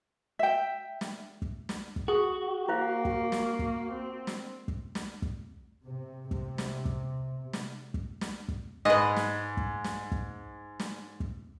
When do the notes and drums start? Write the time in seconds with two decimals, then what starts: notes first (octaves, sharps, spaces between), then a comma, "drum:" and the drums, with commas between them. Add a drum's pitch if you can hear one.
0.39 E5 G5
1.01 drum: snare
1.42 drum: kick
1.69 drum: snare
1.96 drum: kick
2.08 F#4 G#4 D#6
2.68 A#3 E4 C5 F5
3.05 drum: kick
3.32 drum: snare
3.59 drum: kick
3.92 C4
4.27 drum: snare
4.68 drum: kick
4.95 drum: snare
5.22 drum: kick
5.84 C3
6.31 C3, drum: kick
6.58 drum: snare
6.85 drum: kick
7.53 drum: snare
7.94 drum: kick
8.21 drum: snare
8.48 drum: kick
8.85 G#2 B4 D#5
9.16 drum: snare
9.57 drum: kick
9.84 drum: snare
10.12 drum: kick
10.80 drum: snare
11.20 drum: kick